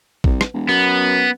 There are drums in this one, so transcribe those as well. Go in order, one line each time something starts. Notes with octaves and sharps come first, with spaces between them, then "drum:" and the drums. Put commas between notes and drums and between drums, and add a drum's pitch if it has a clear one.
C2, drum: kick A1
drum: rim click
E1
F#2 B3